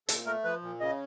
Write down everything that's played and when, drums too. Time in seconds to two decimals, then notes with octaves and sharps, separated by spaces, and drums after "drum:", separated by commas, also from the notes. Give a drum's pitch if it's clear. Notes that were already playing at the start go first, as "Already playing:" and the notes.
0.09 A#2 A4, drum: hi-hat
0.26 A3 A#4
0.44 F3 B4
0.62 A#2
0.80 C#3 D#5